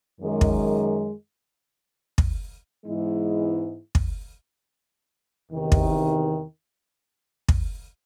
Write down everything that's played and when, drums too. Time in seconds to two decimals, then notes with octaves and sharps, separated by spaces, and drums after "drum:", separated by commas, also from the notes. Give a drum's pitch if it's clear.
0.20 F#2 D#3 G#3
0.41 drum: kick
2.18 drum: kick
2.85 G#2 E3 G#3 B3 E4
3.95 drum: kick
5.50 E2 C3 D#3
5.72 drum: kick
7.48 drum: kick